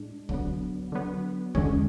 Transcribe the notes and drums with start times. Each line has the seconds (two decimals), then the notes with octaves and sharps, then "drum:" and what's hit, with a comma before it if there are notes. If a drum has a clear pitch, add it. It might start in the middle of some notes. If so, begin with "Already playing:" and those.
Already playing: A2 G#3 D4
0.29 D3 F#3 B3, drum: kick
0.92 D3 F#3 B3
1.55 E2 D3 G#3 C#4, drum: kick